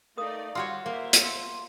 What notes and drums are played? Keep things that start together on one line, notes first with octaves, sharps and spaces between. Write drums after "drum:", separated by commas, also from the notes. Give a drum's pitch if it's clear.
A3 D#4 A#4 D5 F5 D#6
G3 F4 F#4 C#5 A5 C6 E6
A#3 A#4 C5 E5
drum: hi-hat
C6 E6